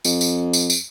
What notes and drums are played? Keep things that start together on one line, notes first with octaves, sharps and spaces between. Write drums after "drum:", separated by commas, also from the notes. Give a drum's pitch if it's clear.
F2, drum: tambourine
drum: tambourine
drum: tambourine
drum: tambourine